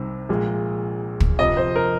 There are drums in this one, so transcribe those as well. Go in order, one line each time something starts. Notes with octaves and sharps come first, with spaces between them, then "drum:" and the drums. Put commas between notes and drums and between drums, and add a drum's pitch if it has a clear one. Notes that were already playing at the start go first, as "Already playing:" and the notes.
Already playing: C2 C3 D#3 C4
A#1 A#2 G#3
drum: kick
F2 C3 F3 D#5
C5
A#4